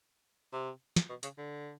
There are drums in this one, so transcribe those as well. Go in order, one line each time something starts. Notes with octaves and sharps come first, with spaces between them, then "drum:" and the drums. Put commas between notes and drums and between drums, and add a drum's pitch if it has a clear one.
C3
drum: snare
B2
C#3, drum: hi-hat
D3